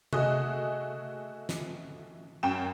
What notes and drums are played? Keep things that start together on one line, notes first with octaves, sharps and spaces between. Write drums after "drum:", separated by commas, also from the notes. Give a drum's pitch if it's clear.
A3 F#4 G#4 D#5, drum: tom C3
drum: snare
F#2 G5 E7